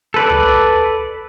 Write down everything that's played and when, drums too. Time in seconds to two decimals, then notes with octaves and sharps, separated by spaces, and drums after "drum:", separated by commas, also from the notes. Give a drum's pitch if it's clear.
0.14 A4 B4 D5
0.30 drum: tom